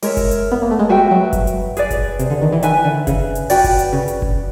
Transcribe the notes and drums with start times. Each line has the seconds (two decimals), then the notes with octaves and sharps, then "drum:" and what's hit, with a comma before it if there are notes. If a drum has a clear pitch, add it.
0.02 G#3 A#4 C#5 E5, drum: open hi-hat
0.17 drum: kick F#1, hi-hat
0.31 drum: hi-hat
0.51 B3
0.62 A#3
0.71 A3
0.79 G#3
0.89 G3 F#4 B4 E5 G5
1.11 F#3
1.33 drum: kick F#1, hi-hat
1.47 drum: hi-hat
1.77 G#4 B4 D5, drum: hi-hat
1.91 drum: kick F#1, hi-hat
2.19 C3, drum: hi-hat
2.30 D3
2.42 D#3
2.52 E3
2.63 D#3 B4 E5 G#5, drum: hi-hat
2.85 D3
3.07 C#3, drum: kick F#1, hi-hat
3.35 drum: hi-hat
3.50 F#4 B4 D5 G5, drum: open hi-hat
3.64 drum: kick F#1, hi-hat
3.79 drum: hi-hat
3.93 C#3
4.08 drum: hi-hat
4.22 drum: kick F#1